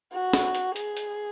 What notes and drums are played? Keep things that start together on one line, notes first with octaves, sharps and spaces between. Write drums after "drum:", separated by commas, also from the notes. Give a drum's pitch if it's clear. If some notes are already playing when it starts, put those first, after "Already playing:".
F#4
drum: snare
drum: hi-hat
G#4, drum: hi-hat
drum: hi-hat